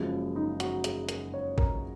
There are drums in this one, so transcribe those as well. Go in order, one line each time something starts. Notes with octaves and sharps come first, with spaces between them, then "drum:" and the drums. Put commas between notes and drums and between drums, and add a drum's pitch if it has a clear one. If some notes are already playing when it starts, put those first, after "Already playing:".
Already playing: F#1 F#2 F3 G#3
D#4
F#4, drum: hi-hat
G#4, drum: hi-hat
A#4, drum: hi-hat
C#5
A#4, drum: kick G#1